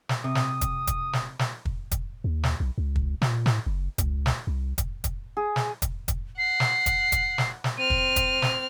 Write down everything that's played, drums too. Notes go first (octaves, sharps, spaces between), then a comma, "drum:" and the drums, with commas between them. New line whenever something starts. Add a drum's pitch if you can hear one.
drum: snare
C3 D#6
drum: snare
drum: kick, hi-hat
drum: kick, hi-hat
drum: snare
drum: snare
drum: kick
drum: kick, hi-hat
D#2
drum: snare
B1
C#2
drum: kick
A#2, drum: snare
A2, drum: snare
F#1
C#2, drum: kick, hi-hat
drum: snare
C2
drum: kick, hi-hat
drum: kick, hi-hat
G#4
drum: snare
drum: kick, hi-hat
drum: kick, hi-hat
F#5 C7
drum: snare
drum: kick, hi-hat
drum: kick, hi-hat
drum: snare
drum: snare
C4 F6 D#7
drum: kick
drum: kick, hi-hat
drum: snare